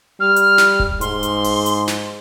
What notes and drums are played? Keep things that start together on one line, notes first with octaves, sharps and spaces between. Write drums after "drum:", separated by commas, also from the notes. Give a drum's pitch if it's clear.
G3 F6
drum: hi-hat
drum: snare
drum: kick D#1
G#2 C6, drum: hi-hat
drum: hi-hat
drum: open hi-hat
drum: hi-hat
drum: snare